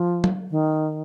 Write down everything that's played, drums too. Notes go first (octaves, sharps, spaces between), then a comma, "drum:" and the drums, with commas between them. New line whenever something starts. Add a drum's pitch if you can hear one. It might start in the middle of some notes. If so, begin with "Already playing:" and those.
Already playing: F3
drum: tom
D#3